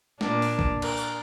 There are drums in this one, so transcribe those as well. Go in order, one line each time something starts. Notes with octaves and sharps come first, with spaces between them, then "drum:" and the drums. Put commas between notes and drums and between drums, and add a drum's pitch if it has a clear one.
A#2 A#3 D4, drum: snare
drum: open hi-hat
drum: kick
A#4, drum: cymbal
drum: tambourine